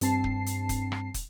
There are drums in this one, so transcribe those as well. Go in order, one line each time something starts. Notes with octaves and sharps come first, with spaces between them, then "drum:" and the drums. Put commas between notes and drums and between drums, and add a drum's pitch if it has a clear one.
G2 C4 A5 C7, drum: hi-hat
drum: kick
drum: hi-hat
drum: kick, hi-hat
drum: rim click
drum: kick, hi-hat